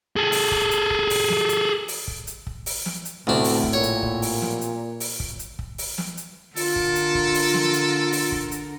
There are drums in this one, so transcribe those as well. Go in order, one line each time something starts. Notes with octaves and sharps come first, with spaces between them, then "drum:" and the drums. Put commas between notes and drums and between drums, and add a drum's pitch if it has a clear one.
G#4 A4
drum: open hi-hat
drum: kick
drum: hi-hat
drum: kick
drum: open hi-hat
drum: snare
drum: hi-hat
drum: open hi-hat
drum: kick
drum: hi-hat
drum: kick
drum: open hi-hat
drum: snare
drum: hi-hat
D2 A2 C3 A3 B3 D4 E4
drum: open hi-hat
drum: kick
A#2 C#5
drum: hi-hat
drum: kick
drum: open hi-hat
drum: snare
drum: hi-hat
drum: open hi-hat
drum: kick
drum: hi-hat
drum: kick
drum: open hi-hat
drum: snare
drum: hi-hat
D3 F4 A4 A#4, drum: open hi-hat
drum: kick
drum: hi-hat
drum: kick
drum: open hi-hat
drum: snare
drum: hi-hat
drum: open hi-hat
drum: kick
drum: hi-hat